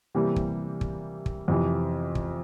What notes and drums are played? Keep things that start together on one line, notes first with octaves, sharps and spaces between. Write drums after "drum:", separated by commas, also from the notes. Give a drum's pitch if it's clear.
C3 E3 G3 A#3
drum: kick
drum: kick
drum: kick
F2 C3 E3
drum: kick